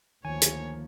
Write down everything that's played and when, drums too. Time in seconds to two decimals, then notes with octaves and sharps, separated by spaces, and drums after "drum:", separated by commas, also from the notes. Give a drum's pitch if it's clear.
0.25 D2 D#3 F3 A#3 C#5 G#5
0.42 drum: hi-hat